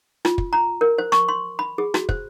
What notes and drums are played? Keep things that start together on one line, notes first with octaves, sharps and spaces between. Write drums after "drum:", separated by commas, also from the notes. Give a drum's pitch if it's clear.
F4, drum: rim click
drum: kick
A#5
A#4
C5
C#6, drum: rim click
C6
B5
G#4
F#4, drum: rim click
C5, drum: kick